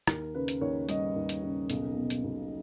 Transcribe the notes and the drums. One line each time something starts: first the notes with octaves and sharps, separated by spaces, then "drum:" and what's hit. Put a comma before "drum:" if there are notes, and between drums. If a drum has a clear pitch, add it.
D#2 A#4, drum: rim click
C#3 B4
drum: hi-hat
D#2 C#5
G3 D#5, drum: hi-hat
D#2
drum: hi-hat
C#3
B1, drum: hi-hat
B2
drum: hi-hat
B1